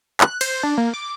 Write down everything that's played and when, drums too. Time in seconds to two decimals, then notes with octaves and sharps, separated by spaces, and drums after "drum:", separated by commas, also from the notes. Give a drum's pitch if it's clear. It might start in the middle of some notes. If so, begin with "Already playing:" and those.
0.21 F#6, drum: clap
0.41 C5, drum: cymbal
0.63 D4
0.78 A#3
0.94 D6